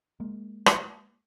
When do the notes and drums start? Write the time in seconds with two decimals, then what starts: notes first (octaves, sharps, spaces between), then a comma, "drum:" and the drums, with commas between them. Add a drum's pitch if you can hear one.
0.20 G#3 A#3
0.66 drum: rim click